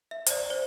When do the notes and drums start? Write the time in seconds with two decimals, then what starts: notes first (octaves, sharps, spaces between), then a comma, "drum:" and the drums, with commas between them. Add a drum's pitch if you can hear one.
0.11 E5
0.26 C5, drum: hi-hat
0.30 D5
0.50 C5